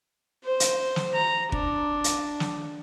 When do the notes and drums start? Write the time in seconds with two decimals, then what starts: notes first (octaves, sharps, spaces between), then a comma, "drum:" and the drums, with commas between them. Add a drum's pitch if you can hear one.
0.44 C5
0.60 drum: hi-hat
0.96 drum: snare
1.14 A#5
1.52 D4, drum: kick
2.04 drum: hi-hat
2.40 drum: snare